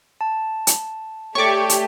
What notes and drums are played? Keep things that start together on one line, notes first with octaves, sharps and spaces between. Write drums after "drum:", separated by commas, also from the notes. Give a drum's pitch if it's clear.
A5
drum: hi-hat
A3 G4 C#5 D5 C#6 D6
drum: hi-hat